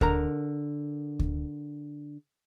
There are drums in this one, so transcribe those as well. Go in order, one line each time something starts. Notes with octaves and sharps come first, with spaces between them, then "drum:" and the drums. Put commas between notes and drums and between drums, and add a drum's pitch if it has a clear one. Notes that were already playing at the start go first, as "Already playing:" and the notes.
D3 A#4 A#5, drum: kick D2
drum: kick D2